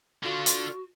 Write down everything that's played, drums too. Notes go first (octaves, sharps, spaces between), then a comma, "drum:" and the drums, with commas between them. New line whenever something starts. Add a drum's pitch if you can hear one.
D3 F4 F#4
drum: hi-hat